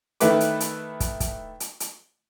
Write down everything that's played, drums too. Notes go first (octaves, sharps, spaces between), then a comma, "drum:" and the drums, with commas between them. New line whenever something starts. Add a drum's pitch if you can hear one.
D#3 A3 E4 B4 D6, drum: hi-hat
drum: hi-hat
drum: hi-hat
drum: kick, hi-hat
drum: kick, hi-hat
drum: hi-hat
drum: hi-hat